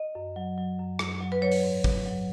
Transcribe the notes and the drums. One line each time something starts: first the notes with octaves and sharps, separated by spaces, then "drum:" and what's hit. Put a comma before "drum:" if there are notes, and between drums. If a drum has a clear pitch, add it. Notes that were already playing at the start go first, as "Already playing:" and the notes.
Already playing: D#5
F#2
F#3
F#3
F#2
F#2, drum: rim click
F#3
B4
F#3 C#5
drum: open hi-hat
G#2
G#2, drum: kick
F#3